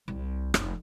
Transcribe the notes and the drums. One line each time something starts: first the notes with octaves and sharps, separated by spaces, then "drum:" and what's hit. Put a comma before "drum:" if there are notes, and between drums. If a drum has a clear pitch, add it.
C2
F1, drum: rim click